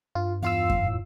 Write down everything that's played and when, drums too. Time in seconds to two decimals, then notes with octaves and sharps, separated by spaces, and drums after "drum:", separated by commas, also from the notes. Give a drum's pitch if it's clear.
0.15 G2 F4
0.42 E2 F4 F5 E6
0.69 drum: kick F#2
0.87 A2